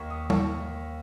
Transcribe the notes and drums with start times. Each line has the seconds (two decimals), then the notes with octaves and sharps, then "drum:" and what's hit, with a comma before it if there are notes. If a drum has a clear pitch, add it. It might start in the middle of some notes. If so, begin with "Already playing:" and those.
Already playing: D#2 D#3 A#3 C#6
0.10 D#6
0.30 C#6, drum: tom G3